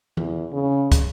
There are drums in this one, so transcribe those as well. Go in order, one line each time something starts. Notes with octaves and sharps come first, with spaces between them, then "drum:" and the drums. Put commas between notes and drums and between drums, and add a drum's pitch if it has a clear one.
E2, drum: tom E3
C#3
drum: kick, hi-hat